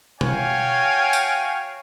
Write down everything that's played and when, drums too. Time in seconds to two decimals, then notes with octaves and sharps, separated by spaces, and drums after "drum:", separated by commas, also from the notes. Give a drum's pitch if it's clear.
0.21 F#4 C#5 F5 G5 G#5, drum: tom B2
1.13 drum: tambourine